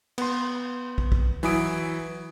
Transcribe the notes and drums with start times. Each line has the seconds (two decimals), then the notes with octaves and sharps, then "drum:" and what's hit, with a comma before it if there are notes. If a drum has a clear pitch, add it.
0.18 B3 C6, drum: cymbal
0.98 drum: kick
1.12 drum: kick
1.43 E3 F#3 E4 G#5 D#6 D7, drum: open hi-hat